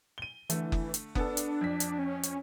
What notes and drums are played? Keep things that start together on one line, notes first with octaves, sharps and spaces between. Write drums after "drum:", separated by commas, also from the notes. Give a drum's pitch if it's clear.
D#7 G7
D3 E3 A3, drum: hi-hat
drum: kick F#1
drum: hi-hat
B3 D4 A4, drum: kick F#1
drum: hi-hat
F2 B6
drum: hi-hat
C#4
drum: hi-hat